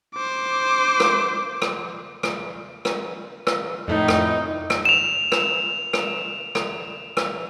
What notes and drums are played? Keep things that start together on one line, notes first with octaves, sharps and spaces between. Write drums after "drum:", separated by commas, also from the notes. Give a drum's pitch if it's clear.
C5 D6
drum: rim click
drum: rim click
drum: rim click
drum: rim click
drum: rim click
F2 A2 D#4
drum: rim click
drum: rim click
E7 F7
drum: rim click
drum: rim click
drum: rim click
drum: rim click